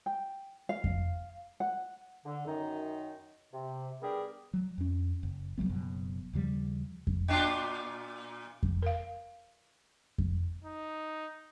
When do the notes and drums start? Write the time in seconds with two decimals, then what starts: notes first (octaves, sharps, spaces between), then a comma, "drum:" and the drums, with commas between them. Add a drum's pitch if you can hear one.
0.06 G5
0.69 F5
0.84 drum: kick F2
1.60 F#5
2.26 D3
2.46 F#2 D#3 D#4
3.53 C3
4.02 G3 B3 D4 G4 G#4 A#4
4.53 F#3
4.78 F2 C#4
5.23 F#1
5.58 B1 F#3 G3 B3
5.69 F#1 F#2 B2 F#3
6.33 D#2 C#3 F3 G3
7.07 drum: kick F2
7.28 A#2 D4 F4
8.63 drum: kick F2
8.82 A#4 F5
10.18 drum: kick F2
10.64 D#4